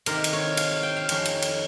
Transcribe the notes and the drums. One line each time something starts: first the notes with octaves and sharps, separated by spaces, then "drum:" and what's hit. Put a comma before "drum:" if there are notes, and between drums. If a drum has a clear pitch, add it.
C3 D#3 A#3 A#4, drum: cymbal
drum: cymbal
C#5
F5, drum: cymbal
F5
G5
F5
F2 D#3 A#3 C#4, drum: cymbal
drum: cymbal
drum: cymbal